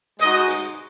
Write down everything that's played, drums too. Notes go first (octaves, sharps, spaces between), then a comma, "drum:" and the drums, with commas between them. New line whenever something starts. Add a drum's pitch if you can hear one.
G#3 D#4 F#4 D#5, drum: hi-hat
drum: hi-hat